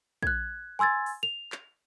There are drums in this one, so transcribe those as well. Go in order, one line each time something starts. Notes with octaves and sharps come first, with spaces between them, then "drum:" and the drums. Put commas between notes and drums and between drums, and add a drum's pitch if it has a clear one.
F#6 G#6, drum: kick
G#5 C6 E6 G#6 A6
drum: open hi-hat
F7
drum: clap